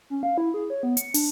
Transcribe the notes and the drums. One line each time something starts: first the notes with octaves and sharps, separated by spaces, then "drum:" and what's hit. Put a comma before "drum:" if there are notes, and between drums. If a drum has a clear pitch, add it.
C#4
F5
E4
G#4
C#5
B3
C#7, drum: hi-hat
D4, drum: open hi-hat